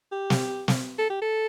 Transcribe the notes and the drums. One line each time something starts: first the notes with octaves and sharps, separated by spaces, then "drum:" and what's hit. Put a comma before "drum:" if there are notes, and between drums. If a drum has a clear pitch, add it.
G4
drum: snare
drum: snare
A4
G4
A4